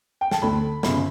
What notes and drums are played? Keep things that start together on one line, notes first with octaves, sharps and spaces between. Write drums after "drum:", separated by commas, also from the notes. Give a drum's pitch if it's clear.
G5
A5, drum: snare
D2 D3 A3 B5
G1 F#2 C#3 B5, drum: snare